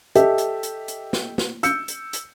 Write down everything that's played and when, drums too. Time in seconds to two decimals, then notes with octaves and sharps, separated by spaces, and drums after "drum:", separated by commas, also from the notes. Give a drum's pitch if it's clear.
0.15 G4 A4 D#5 E5, drum: hi-hat
0.38 drum: hi-hat
0.63 drum: hi-hat
0.88 drum: hi-hat
1.13 drum: snare
1.38 drum: snare
1.63 E6 G6 C#7, drum: hi-hat
1.88 drum: hi-hat
2.13 drum: hi-hat